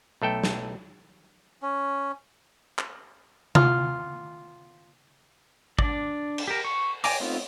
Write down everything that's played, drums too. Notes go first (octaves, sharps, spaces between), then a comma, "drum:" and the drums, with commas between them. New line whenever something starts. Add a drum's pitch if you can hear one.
B1 A3 A4 G5
drum: snare
C#4
drum: clap
F4, drum: tom C3
D4 D5, drum: kick
drum: cymbal
G4 A#4
C#6
D5 G5 G#5 A#5 D6, drum: open hi-hat
A3 B3 C4 D#4 F4